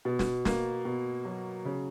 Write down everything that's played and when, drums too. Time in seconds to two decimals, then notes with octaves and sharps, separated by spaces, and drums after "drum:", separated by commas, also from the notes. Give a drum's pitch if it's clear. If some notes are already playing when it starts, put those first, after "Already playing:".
0.05 B2
0.19 drum: snare
0.45 A#3, drum: snare
0.85 B2
1.25 F#3
1.65 C#3